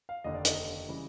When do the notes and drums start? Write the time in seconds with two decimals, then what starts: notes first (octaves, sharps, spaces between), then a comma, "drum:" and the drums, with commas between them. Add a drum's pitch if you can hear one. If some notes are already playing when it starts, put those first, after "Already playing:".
0.09 F5
0.24 F1 D#2 D3 D#5
0.35 D5
0.45 D#5, drum: hi-hat
0.89 C#3 E3 G3